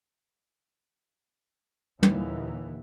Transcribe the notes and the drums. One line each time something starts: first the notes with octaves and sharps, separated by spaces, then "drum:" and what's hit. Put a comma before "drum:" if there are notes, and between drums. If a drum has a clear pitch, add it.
D#2 A#2 D3 E3, drum: tom